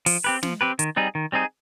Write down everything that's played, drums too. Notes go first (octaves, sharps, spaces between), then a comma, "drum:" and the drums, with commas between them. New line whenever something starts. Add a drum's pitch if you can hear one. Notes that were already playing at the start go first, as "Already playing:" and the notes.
F3, drum: open hi-hat
C4 G4 B4
F3, drum: snare
C4 G4 B4
D#3, drum: hi-hat
G3 C4 D#4 G#4
D#3
G3 C4 D#4 G#4